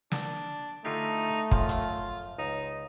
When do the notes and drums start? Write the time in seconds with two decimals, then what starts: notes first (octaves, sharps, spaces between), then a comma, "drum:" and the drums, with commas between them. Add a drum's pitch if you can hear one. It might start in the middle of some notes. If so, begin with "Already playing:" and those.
0.12 D4, drum: snare
0.85 D3 A3 D#4 F4 G4
1.51 F#2 F3 F4, drum: kick
1.69 drum: hi-hat
2.38 C#2 D#4